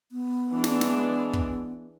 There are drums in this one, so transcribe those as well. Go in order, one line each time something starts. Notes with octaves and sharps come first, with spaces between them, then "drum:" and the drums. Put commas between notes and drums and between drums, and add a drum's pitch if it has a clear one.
B3
E3 G#3 D4
drum: snare
drum: snare
drum: kick